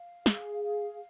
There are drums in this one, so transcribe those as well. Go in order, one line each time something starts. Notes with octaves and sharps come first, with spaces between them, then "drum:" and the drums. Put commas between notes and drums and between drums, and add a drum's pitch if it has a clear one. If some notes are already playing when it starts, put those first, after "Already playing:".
Already playing: F5
G#4, drum: snare
F5